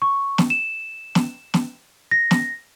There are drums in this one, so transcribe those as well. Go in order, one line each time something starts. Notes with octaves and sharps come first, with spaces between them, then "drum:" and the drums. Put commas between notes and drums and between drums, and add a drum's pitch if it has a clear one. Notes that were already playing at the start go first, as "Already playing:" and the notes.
C#6
drum: snare
E7
drum: snare
drum: snare
A#6
drum: snare